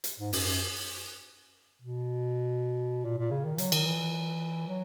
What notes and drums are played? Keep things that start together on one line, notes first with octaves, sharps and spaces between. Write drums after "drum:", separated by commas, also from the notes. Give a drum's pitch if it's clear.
drum: hi-hat
G#2
F#2, drum: open hi-hat
F#2
B2
A#2
A#2
C#3
D#3
F#3, drum: hi-hat
D#3, drum: cymbal
E3
F#3